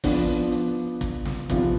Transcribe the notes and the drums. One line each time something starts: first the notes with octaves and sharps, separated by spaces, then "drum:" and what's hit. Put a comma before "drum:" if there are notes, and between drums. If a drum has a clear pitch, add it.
F3 B3 D4, drum: kick, open hi-hat
drum: hi-hat
drum: kick, hi-hat
drum: snare
E2 C3 F3 B3 F4, drum: kick, hi-hat